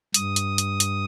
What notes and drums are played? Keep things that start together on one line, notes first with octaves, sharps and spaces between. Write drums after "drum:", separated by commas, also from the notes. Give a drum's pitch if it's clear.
G2 D#6, drum: hi-hat
drum: hi-hat
drum: hi-hat
drum: hi-hat